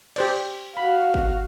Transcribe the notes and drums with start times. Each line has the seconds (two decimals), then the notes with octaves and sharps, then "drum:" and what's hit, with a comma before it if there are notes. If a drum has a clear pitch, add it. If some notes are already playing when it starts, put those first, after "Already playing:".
0.16 G4 C5 D5, drum: cymbal
0.77 F#4 F5 B5
1.14 drum: kick G1